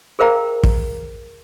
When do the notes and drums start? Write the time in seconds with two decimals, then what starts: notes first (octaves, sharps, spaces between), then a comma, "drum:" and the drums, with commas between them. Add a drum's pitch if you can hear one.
0.19 G#4 A#4 C5 F5 G5 A#5
0.63 drum: kick